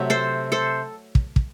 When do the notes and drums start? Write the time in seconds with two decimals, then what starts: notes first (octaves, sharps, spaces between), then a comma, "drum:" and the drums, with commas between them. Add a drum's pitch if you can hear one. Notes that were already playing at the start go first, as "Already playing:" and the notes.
Already playing: C3 F#3 A3 C4 E5
0.10 A4 C5
0.52 A4 C5
1.15 drum: kick
1.36 drum: kick